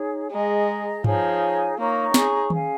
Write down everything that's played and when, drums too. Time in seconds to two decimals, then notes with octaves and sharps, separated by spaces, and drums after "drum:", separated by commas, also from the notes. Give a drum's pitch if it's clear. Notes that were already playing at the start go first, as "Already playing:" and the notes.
Already playing: D#4 G#4 C#5
0.31 G#3 G#4 D#5 A#5
1.04 F3 D#4 G#4 C#5 G#5, drum: tom G2
1.78 A#3 D#4 C#5 A#5 C#6
2.14 G#4, drum: snare
2.50 C#4 G#4 F5 G#5, drum: tom D#3